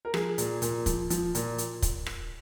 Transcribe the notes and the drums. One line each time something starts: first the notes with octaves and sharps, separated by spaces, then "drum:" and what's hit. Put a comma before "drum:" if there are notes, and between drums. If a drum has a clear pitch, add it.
A#4
F3 G#4, drum: rim click
A#2, drum: hi-hat
A#2, drum: hi-hat
F3, drum: kick, hi-hat
F3, drum: hi-hat
A#2, drum: hi-hat
drum: hi-hat
drum: kick, hi-hat
drum: rim click